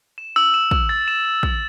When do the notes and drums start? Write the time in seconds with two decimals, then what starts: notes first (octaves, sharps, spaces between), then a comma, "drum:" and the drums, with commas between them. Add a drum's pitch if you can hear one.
0.18 E7
0.36 E6
0.54 E7
0.71 E6, drum: kick
0.89 A6
1.08 E7
1.25 E7
1.43 E6, drum: kick